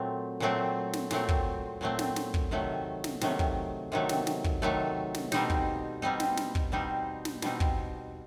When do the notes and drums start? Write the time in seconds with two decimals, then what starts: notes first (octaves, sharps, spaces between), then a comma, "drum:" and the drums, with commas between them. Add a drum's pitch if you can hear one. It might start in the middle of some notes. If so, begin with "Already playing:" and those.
Already playing: A#2 F#3 A3 C4
0.40 A#2 F#3 A3 C4
0.93 drum: snare
1.11 A#2 F#3 A3 C4, drum: snare
1.29 drum: kick
1.81 A#2 F#3 A3 C4
1.99 drum: snare
2.16 drum: snare
2.34 drum: kick
2.51 C3 D#3 F#3 A3
3.04 drum: snare
3.21 C3 D#3 F#3 A3, drum: snare
3.39 drum: kick
3.92 C3 D#3 F#3 A3
4.09 drum: snare
4.27 drum: snare
4.44 drum: kick
4.62 C3 D#3 F#3 A3
5.15 drum: snare
5.32 B2 G3 C4 D#4, drum: snare
5.50 drum: kick
6.02 B2 G3 C4 D#4
6.20 drum: snare
6.37 drum: snare
6.55 drum: kick
6.72 B2 G3 C4 D#4
7.25 drum: snare
7.42 B2 G3 C4 D#4, drum: snare
7.60 drum: kick